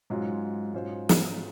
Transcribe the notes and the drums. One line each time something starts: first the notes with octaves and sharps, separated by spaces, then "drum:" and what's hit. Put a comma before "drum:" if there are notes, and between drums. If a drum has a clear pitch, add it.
G#2 F#3 C#4 F4
G#2 F#3 C#4 F4 C5
drum: snare